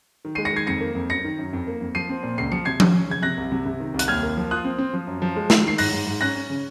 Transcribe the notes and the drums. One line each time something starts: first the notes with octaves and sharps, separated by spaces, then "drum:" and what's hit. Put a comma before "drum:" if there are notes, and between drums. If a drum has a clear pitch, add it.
D#3
G#3 C7 D#7
A#6 C#7
D#3 G#6 C7
F2 A#6 C#7
A#3
F2
F#2 A#6 C#7
D#3
F#2
F2
A#3
F2
F3 C7 D#7
C4
A#2
C#2 C7
F3 C#7
C3 G#6 C7
C#4, drum: tom F3
C#4
C#3 G#6
C3 F#6 A#6
C2
C3
C3
D#3
C2
F#6, drum: hi-hat
D#2 F6 G#6
A#3
F3
F4 D#6 F#6
C4
C4
F3
F#2
F3
G#3
D#3, drum: snare
D#3 C7
G#2 F#6 A#6, drum: open hi-hat
G#2
G#2
C#4 F#6 A#6
C#4
C#3